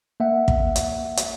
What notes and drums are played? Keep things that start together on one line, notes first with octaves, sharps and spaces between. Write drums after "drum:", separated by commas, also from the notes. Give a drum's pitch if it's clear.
A#3 E5 F#5
drum: kick
drum: hi-hat
drum: hi-hat